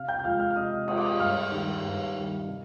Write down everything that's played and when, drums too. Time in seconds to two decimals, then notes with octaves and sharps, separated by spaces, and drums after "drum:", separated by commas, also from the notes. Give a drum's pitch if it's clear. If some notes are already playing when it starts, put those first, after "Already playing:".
Already playing: C3 F5 F6
0.08 G5 G6
0.19 G6
0.24 F3 G#3 F5 F6
0.40 F5 F6
0.50 F6
0.56 C3 D#5 D#6
0.88 F3 G#3 D#6, drum: cymbal
0.97 D6
1.06 D#5 D#6
1.20 G2 F5 F6
1.51 D#3 G3
1.83 G2
2.15 D#3 G3
2.47 C3